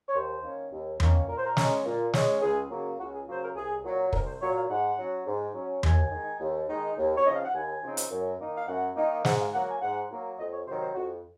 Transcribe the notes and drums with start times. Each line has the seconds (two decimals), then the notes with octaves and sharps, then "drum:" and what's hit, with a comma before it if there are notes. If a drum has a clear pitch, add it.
0.09 C#5
0.14 D#2 C5
0.43 D#3 A#3 C#4
0.71 D#2
1.00 D#3 A#3 C#4, drum: tom E2
1.28 A#2 A#4
1.37 C5
1.45 A#4
1.57 G#3 C#4, drum: snare
1.85 A#2
2.13 G#3 C#4, drum: snare
2.42 C#2 G#4
2.70 C#3 F#3 A#3
2.99 C#2 F#4
3.14 G#4
3.28 C#3 F#3 A#3 C5
3.41 A#4
3.55 C2 G#4
3.84 A#2 F#3
4.13 C2 A#4, drum: kick
4.26 C5
4.41 A#2 F#3 C#5
4.56 F5
4.69 G#2 F#5
4.98 F#3 C#4
5.26 G#2
5.55 F#3 C#4
5.83 D#2 G#5, drum: tom E2
6.11 D#3 G#3 D#4
6.40 D#2
6.68 D#3 G#3 D#4
6.97 D#2
7.16 C#5
7.25 C#3 F3 C4 D#4 D#5
7.35 F5
7.45 F#5
7.54 D#2 G#5
7.82 C#3 F3 C4 D#4
7.97 drum: hi-hat
8.11 F#2
8.39 D#3 A#3 D#4
8.55 F5
8.68 F#2 F#5
8.96 D#3 A#3 D#4
9.25 G#2 F#5, drum: snare
9.39 F5
9.53 F#3 A#3 F#5
9.67 G#5
9.81 G#2 F#5
10.10 F#3 A#3
10.38 F2 D#5
10.53 C#5
10.67 C3 D#3 F#3 C5
10.81 C5
10.95 F2 F#4